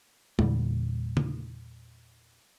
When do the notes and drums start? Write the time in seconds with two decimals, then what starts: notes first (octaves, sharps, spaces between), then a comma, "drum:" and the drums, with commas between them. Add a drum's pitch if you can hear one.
0.39 E2 A#2 D3 G3, drum: tom G#3
1.17 drum: tom C#3